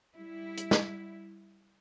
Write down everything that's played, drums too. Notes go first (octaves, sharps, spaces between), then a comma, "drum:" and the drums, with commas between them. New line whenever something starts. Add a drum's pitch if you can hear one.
G3 E4
drum: hi-hat
drum: snare